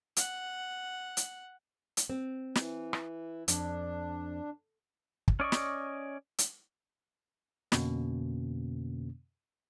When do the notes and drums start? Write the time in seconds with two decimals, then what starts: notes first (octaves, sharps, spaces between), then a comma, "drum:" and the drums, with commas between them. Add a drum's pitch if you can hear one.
0.16 F#5, drum: hi-hat
1.17 drum: hi-hat
1.97 drum: hi-hat
2.10 C4
2.55 E3, drum: snare
2.93 drum: rim click
3.48 F2 D4, drum: hi-hat
5.28 drum: kick
5.40 C#4 D5 D#5 C#6
5.52 drum: snare
6.38 drum: hi-hat
7.72 F2 B2 D3 A#3 C#4, drum: snare